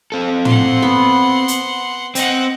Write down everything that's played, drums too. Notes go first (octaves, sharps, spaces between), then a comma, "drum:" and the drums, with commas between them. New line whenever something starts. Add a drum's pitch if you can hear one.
C4 A4
F#5 C6, drum: tom
B3
drum: hi-hat
C4 D#5 F#5, drum: hi-hat